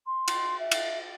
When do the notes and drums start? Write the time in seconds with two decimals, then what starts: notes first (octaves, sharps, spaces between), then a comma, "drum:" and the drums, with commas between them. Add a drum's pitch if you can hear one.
0.06 C6
0.28 drum: cymbal
0.59 E5
0.72 drum: cymbal